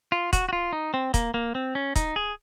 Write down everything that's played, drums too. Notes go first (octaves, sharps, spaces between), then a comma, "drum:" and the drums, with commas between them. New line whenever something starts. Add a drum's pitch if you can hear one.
F4
F#4, drum: kick, hi-hat
F#4
F4
D#4
C4
A#3, drum: kick, hi-hat
A#3
C4
C#4
D#4, drum: kick, hi-hat
G#4